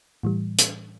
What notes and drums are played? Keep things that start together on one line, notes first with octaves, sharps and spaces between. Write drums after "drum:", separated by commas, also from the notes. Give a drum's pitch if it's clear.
A2 E3 G3
drum: hi-hat